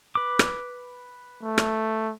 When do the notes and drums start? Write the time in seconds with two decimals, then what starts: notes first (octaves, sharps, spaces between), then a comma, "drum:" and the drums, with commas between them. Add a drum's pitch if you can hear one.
0.15 B4 D6
0.39 drum: rim click
1.43 A3
1.58 drum: rim click